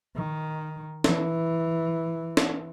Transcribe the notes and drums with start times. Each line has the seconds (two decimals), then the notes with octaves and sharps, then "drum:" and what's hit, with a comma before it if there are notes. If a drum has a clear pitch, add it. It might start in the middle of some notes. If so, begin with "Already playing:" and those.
0.16 D#3
1.04 E3, drum: snare
2.37 drum: snare